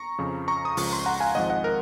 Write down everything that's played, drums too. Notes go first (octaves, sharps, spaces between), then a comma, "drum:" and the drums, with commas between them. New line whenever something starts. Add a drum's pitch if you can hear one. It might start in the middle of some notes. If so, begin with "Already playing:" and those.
Already playing: A#5 C#6
F2 C#3 F3
A#5 C#6
D#6
C#2 C#3 F3 C#6, drum: open hi-hat
C6
F#5 A#5
F5 G#5
G#1 G#2 F3 D#5 F#5
D#5 F#5
A#4